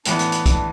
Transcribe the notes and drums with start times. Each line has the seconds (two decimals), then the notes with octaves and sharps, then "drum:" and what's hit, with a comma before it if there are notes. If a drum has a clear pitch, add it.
0.05 A2 E3 B3 D4, drum: hi-hat
0.19 drum: hi-hat
0.32 drum: hi-hat
0.46 D4, drum: kick, hi-hat